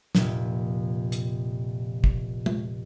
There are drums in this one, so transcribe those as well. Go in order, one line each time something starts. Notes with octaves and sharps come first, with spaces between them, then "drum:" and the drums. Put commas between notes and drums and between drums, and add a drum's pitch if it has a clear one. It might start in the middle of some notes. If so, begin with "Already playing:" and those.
F1 A#2, drum: snare
drum: hi-hat
drum: kick
drum: tom